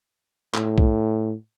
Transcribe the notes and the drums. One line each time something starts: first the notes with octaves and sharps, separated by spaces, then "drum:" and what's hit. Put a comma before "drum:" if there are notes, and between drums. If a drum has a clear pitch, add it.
A2, drum: clap
drum: kick